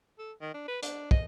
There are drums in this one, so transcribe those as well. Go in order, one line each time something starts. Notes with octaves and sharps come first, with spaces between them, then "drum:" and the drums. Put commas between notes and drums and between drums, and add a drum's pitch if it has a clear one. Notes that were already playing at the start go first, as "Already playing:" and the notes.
A4
D#3
D4
B4
D4, drum: hi-hat
D#5, drum: kick